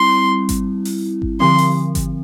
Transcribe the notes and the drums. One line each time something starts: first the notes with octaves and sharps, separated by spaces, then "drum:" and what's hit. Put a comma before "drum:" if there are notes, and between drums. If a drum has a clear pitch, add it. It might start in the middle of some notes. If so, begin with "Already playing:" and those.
Already playing: G3 C4 E4 C6
drum: kick G#1, hi-hat
drum: open hi-hat
drum: kick G#1
D3 F3 C4 C6
drum: open hi-hat
drum: kick G#1, hi-hat